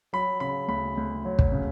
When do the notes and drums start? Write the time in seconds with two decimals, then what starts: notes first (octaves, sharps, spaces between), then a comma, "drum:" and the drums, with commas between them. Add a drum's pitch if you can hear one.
0.13 F#3 B5
0.40 C#3 B5
0.68 D2 B5
0.97 D2
1.25 F#3
1.39 drum: kick
1.52 C#3